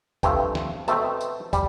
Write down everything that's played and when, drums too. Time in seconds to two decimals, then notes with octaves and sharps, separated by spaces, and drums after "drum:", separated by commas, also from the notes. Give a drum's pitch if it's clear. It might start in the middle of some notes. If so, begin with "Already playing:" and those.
0.23 G2 F3 A3 C4 G5, drum: kick, tambourine
0.55 drum: snare
0.88 B2 A3 C4 A5, drum: tambourine
1.21 drum: tambourine
1.53 G3, drum: kick, tambourine